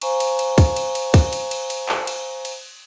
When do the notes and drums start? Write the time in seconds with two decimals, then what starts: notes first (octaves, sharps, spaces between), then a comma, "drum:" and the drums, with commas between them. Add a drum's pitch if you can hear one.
0.02 C5 F5 G#5 A#5 C#6, drum: cymbal
0.20 drum: cymbal
0.39 drum: cymbal
0.58 drum: kick, cymbal
0.76 drum: cymbal
0.95 drum: cymbal
1.14 drum: kick, cymbal
1.33 drum: cymbal
1.51 drum: cymbal
1.70 drum: cymbal
1.89 drum: clap
2.07 drum: cymbal
2.45 drum: cymbal